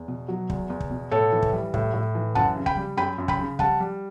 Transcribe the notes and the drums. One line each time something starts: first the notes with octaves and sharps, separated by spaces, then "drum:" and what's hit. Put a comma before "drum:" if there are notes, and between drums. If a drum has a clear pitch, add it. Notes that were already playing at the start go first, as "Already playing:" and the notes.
Already playing: E2
B2
F#3
E2, drum: kick
E2
drum: kick
B2
A2 A4 C#5
E3
drum: kick
G3
A2, drum: kick
A2
E3
F#2 F#5 A5, drum: kick
C#3
G5 B5, drum: kick
G3
F#2 G5 B5
F#2
G5 B5, drum: kick
C#3
G3 F#5 A5, drum: kick
G3